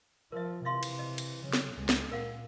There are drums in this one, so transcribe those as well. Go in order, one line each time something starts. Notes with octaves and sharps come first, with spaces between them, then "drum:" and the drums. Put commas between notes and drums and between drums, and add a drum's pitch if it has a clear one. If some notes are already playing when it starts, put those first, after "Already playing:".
F3 A#4 E5
C3 E3 E5 F5 C6
drum: cymbal
D#5
drum: cymbal
C#3 F#3
drum: snare
C#2 G#3
drum: snare
A#2 A#4 F5 F#5